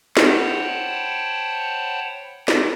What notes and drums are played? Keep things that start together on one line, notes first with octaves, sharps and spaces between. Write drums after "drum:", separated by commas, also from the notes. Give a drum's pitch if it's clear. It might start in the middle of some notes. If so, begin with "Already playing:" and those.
C5 C#5 F#5 G5 A5 B5, drum: snare
drum: snare